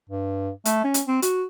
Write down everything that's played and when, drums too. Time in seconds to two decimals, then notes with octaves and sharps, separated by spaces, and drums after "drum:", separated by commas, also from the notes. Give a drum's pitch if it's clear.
0.10 G2
0.65 A3, drum: hi-hat
0.84 C#4
0.94 drum: hi-hat
1.07 C4
1.22 F#4, drum: hi-hat